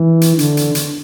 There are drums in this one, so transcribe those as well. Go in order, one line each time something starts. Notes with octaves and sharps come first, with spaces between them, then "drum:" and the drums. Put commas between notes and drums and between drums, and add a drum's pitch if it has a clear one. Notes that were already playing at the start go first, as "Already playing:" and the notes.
Already playing: E3
drum: hi-hat
D3, drum: hi-hat
drum: hi-hat
drum: hi-hat